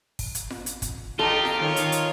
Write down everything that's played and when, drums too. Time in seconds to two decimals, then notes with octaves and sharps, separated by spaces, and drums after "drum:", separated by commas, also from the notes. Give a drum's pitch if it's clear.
0.19 drum: kick, open hi-hat
0.35 drum: hi-hat
0.50 drum: snare F4
0.66 drum: hi-hat
0.82 drum: kick, hi-hat
1.19 D#4 F4 G4 A4
1.45 drum: snare F4
1.61 D#3 C#5
1.76 drum: hi-hat
1.92 drum: hi-hat